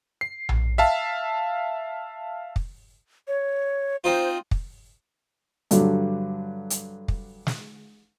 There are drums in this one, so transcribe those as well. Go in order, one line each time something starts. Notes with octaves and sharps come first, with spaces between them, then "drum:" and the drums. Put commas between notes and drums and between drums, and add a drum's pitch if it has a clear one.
C7
drum: tom A#1
E5 F5 A5
drum: kick
C#5
C4 D#4 F4 C5
drum: kick
G2 D3 F#3, drum: hi-hat
drum: hi-hat
drum: kick
drum: snare